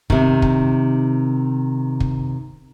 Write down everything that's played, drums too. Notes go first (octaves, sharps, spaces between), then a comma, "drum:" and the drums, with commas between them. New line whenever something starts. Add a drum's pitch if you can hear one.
C3 D#3, drum: kick
drum: kick
drum: kick